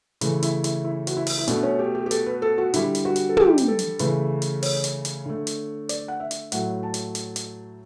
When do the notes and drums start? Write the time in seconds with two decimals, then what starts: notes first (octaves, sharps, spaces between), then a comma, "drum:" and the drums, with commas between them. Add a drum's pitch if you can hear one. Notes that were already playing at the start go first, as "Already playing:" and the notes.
0.21 C#3 E3 A3, drum: hi-hat
0.42 E4, drum: hi-hat
0.64 E4, drum: hi-hat
0.85 E4
1.07 F#4, drum: hi-hat
1.17 E4
1.27 drum: open hi-hat
1.38 E4
1.48 B2 A3 D4, drum: hi-hat
1.63 C#4
1.79 G4
1.95 G4
2.06 G4
2.11 A4, drum: hi-hat
2.26 B4
2.42 A4
2.58 F#4
2.74 D3 G3 E4, drum: hi-hat
2.95 drum: hi-hat
3.05 F#4
3.16 drum: hi-hat
3.29 A4
3.37 G4, drum: tom
3.58 drum: hi-hat
3.68 A4
3.79 drum: hi-hat
3.99 C#3 E3 A3 B4, drum: hi-hat
4.42 drum: hi-hat
4.63 C#5, drum: open hi-hat
4.84 drum: hi-hat
5.05 drum: hi-hat
5.26 D3 A3
5.47 drum: hi-hat
5.89 D5, drum: hi-hat
6.08 F#5
6.20 E5
6.31 drum: hi-hat
6.52 A2 F#3 A3 F#5, drum: hi-hat
6.83 A5
6.94 drum: hi-hat
7.15 drum: hi-hat
7.36 drum: hi-hat